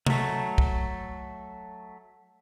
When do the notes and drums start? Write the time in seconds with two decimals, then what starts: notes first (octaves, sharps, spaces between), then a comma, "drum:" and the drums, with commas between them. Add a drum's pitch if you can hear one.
0.07 F#3 A3, drum: tom
0.58 drum: kick